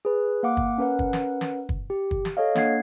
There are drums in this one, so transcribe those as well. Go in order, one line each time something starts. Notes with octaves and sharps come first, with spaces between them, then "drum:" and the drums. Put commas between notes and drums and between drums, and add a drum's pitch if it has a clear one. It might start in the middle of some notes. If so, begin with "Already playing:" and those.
G#4 B4
A#3 F5 F#5 D6
drum: kick
C#4 A#4 B4 F#5
drum: kick
drum: snare
drum: snare
drum: kick
G4
drum: kick
drum: snare
A4 C#5 D#5 F5
A#3 D4 F#5 G#6 C7, drum: snare